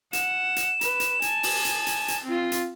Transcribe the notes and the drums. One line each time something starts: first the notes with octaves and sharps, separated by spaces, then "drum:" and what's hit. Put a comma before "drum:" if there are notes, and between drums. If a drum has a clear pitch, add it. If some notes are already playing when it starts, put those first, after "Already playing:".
F#5 E7, drum: hi-hat
drum: hi-hat
B4, drum: hi-hat
drum: hi-hat
G#5 A5, drum: hi-hat
drum: open hi-hat
drum: hi-hat
drum: hi-hat
drum: hi-hat
C4 F4
drum: hi-hat